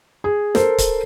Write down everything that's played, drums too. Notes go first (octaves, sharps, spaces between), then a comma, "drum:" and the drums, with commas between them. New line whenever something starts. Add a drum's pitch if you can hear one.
G#4
A4 A#4 C5, drum: snare
drum: kick, hi-hat